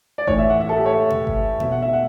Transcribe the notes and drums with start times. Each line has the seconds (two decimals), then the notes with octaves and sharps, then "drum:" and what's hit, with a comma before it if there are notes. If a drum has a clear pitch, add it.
0.18 D5
0.27 A2 E3 C#5, drum: kick G1
0.39 E5
0.50 F#5
0.60 E5
0.69 A4
0.77 G4
0.86 C#5
0.94 E5
1.10 drum: tom B2
1.27 drum: kick G1
1.60 B2 E5, drum: tom B2
1.72 F#5
1.82 E5
1.93 F#5